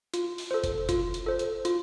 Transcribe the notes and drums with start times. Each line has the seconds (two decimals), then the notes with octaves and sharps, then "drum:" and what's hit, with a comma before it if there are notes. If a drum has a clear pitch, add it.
0.14 F4, drum: hi-hat
0.38 drum: open hi-hat
0.51 A4 C5
0.64 drum: kick F#1, hi-hat
0.89 F4, drum: kick F#1, hi-hat
1.14 drum: hi-hat
1.26 A4 C5
1.39 drum: hi-hat
1.65 F4, drum: hi-hat